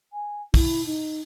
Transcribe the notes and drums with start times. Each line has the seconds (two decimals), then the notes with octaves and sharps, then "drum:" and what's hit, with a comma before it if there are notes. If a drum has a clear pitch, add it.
0.13 G#5
0.54 E4, drum: kick, open hi-hat
0.86 D#4